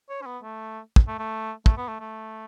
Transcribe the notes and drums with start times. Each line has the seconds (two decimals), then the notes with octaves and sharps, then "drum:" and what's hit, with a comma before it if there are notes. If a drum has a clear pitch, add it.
0.09 C#5
0.22 C#4
0.26 B3
0.44 A3
0.96 drum: kick
1.08 A3
1.19 A3
1.66 A3, drum: kick
1.78 B3
1.88 A3
2.00 A3